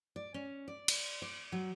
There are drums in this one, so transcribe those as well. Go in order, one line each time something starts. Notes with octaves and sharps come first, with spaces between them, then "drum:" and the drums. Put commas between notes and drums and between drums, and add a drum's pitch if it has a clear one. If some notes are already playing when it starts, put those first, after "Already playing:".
D5
C#4
D5
drum: cymbal
D5
F#3